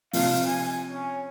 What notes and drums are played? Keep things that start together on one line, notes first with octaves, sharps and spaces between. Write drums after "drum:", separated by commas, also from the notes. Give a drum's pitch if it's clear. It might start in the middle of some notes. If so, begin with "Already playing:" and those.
C3 F3 F5, drum: open hi-hat
G#5
C#4